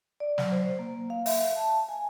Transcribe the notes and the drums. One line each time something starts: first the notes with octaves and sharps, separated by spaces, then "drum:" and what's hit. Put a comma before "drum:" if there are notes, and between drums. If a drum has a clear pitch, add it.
D5
F#3, drum: snare
C5
A#3
F5
E5, drum: open hi-hat
E5
A5
G#5